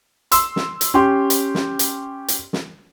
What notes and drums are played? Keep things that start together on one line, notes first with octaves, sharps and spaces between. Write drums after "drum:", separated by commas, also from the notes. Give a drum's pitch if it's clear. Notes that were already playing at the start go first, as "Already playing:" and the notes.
C6 E6, drum: hi-hat
drum: snare
drum: hi-hat
C#4 G4 C6
drum: hi-hat
drum: snare
drum: hi-hat
drum: hi-hat
drum: snare